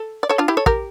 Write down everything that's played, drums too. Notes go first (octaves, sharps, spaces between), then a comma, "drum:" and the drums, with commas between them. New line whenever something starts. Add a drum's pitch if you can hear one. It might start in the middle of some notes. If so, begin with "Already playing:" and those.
Already playing: A4
D5
A4 C#5
D4 F4
E4 G4
A4 C#5
G4 A#4, drum: kick